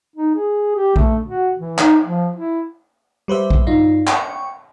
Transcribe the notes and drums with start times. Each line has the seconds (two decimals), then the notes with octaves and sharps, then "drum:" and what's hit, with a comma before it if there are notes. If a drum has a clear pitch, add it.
0.16 D#4
0.35 G#4
0.76 G4
0.96 A3, drum: kick A#1
1.28 F#4
1.59 E3
1.78 D#4, drum: clap
2.05 F3
2.36 E4
3.28 G3 B4 C5 E5
3.50 drum: kick A#1
3.67 G2 D#4 F4
4.07 G5 C#6, drum: clap